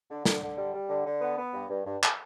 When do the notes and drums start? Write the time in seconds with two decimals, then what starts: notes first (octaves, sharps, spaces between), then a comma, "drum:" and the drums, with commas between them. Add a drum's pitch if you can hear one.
0.11 D3
0.25 D3, drum: snare
0.43 D3
0.58 G3
0.74 G3
0.89 D3
1.06 D3
1.21 B3
1.38 B3
1.53 G2
1.70 G2
1.86 G2
2.03 drum: clap